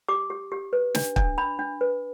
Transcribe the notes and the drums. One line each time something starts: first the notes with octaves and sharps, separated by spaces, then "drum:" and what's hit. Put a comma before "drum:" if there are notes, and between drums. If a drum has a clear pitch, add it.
G4 D6
G4
G4
B4
D4, drum: snare
D4, drum: kick
D4 B5
D4
B4